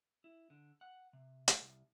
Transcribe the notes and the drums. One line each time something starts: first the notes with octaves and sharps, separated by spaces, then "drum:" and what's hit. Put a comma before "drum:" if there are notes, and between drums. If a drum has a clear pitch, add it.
E4
D3
F#5
C3
drum: hi-hat
C2